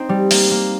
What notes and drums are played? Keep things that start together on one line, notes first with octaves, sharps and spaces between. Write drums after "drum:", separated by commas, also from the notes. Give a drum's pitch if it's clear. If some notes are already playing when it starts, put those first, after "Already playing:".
Already playing: C4 D#4
G3
A#3, drum: open hi-hat
A#3